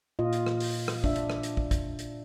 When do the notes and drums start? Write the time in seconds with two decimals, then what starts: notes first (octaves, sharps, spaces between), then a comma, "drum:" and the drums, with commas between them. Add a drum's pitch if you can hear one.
0.19 A#2 F4 D#5
0.33 drum: hi-hat
0.46 drum: rim click
0.60 drum: open hi-hat
0.88 drum: rim click
1.04 D4 E5, drum: kick
1.16 drum: hi-hat
1.30 drum: rim click
1.43 drum: hi-hat
1.57 drum: kick
1.71 drum: kick, hi-hat
1.99 drum: hi-hat